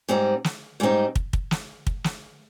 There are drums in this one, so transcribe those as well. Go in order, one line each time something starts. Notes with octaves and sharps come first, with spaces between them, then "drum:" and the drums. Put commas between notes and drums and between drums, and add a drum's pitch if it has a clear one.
G#2 G3 C4 D#4
drum: snare
G#2 G3 C4 D#4
drum: kick
drum: kick
drum: snare
drum: kick
drum: snare